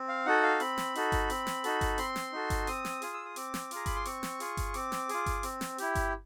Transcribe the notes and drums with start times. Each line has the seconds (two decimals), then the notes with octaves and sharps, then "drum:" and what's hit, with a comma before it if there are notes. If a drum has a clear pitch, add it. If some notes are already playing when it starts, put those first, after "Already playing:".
Already playing: C4
0.08 F5
0.26 D#4 F#4 A4 F#5
0.43 F5
0.60 C4 B5, drum: hi-hat
0.78 drum: snare
0.95 D#4 F#4 A4, drum: hi-hat
1.12 drum: kick G1, hi-hat
1.30 C4, drum: hi-hat
1.47 drum: snare
1.64 D#4 F#4 A4, drum: hi-hat
1.81 drum: kick G1, hi-hat
1.98 C4 C6, drum: hi-hat
2.16 drum: snare
2.32 D#4 F#4 A4
2.50 drum: kick G1, hi-hat
2.67 C4 D#6, drum: hi-hat
2.85 drum: snare
3.02 F4 G#4, drum: hi-hat
3.14 E6
3.25 D#6
3.36 C4 D6, drum: hi-hat
3.54 drum: snare
3.71 F4 G#4 A#5, drum: hi-hat
3.86 B5, drum: kick G1, hi-hat
3.96 C6
4.05 C4 C#6, drum: hi-hat
4.23 drum: snare
4.40 F4 G#4, drum: hi-hat
4.57 drum: kick G1, hi-hat
4.74 C4 D6, drum: hi-hat
4.92 drum: snare
5.09 F4 G#4, drum: hi-hat
5.26 drum: kick G1, hi-hat
5.43 C4, drum: hi-hat
5.61 drum: snare
5.78 E4 G4, drum: hi-hat
5.95 drum: kick G1, hi-hat